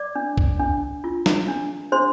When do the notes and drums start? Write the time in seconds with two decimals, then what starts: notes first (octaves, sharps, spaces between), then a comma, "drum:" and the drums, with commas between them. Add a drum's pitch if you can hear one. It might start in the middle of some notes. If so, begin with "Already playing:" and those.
Already playing: D5 D6
0.15 D4
0.38 drum: kick C2
0.60 D4
1.04 F4
1.26 drum: snare
1.48 D4
1.92 D4 C5 C6